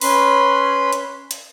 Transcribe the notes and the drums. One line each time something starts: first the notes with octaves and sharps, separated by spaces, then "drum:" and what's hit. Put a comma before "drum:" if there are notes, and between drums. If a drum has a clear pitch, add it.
C#4 B4 B5 C6, drum: open hi-hat
drum: hi-hat
drum: hi-hat